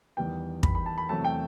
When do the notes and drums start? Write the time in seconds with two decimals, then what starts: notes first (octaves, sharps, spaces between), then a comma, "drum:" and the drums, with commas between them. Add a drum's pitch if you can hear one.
0.17 E2 D#3 G3 B3 G5
0.63 B5, drum: kick
0.75 B5
0.86 A5
0.98 B5
1.09 E2 C3 F#3 A3 A5
1.24 G5